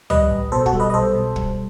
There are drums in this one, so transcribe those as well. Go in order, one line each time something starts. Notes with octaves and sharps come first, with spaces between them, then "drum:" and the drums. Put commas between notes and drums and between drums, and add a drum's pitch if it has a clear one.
G3 B4 D#5, drum: tom C#2
A1
B2 A4 C5
F#4 A4, drum: kick
G3
B4 D#5
D#5
B1 A4 C5
B2
G3, drum: kick